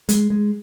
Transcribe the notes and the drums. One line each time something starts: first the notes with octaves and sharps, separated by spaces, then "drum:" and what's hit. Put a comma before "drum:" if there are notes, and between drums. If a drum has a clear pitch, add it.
G#3, drum: hi-hat
G#3